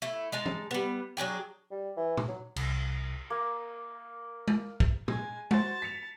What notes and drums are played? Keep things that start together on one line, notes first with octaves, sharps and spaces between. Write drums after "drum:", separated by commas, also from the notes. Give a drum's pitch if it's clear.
A3 E4
G#3 D#4 A5
drum: tom
G3 B3
F#3 D4 G#4 G5
G3
E3
drum: tom A#2
F#3
C2, drum: cymbal
A#3
drum: tom G#3
drum: kick
G#3 G#5, drum: tom A#2
F#4 C5 A5, drum: tom G#3
B6 C#7 F7